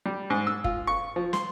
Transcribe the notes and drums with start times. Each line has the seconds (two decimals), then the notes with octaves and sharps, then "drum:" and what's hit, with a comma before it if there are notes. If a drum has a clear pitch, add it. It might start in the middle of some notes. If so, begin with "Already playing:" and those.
0.06 G3
0.30 G#2
0.47 E6
0.64 F4, drum: kick F#1
0.87 C#6
1.16 F3
1.33 C6, drum: snare